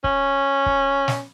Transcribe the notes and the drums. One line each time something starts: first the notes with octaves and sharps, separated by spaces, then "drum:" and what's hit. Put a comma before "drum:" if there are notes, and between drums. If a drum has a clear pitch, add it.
C#4, drum: kick
drum: kick
drum: snare